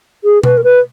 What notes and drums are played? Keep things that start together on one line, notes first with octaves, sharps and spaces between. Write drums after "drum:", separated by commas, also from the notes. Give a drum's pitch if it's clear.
G#4
B4, drum: tom B2
A#4
B4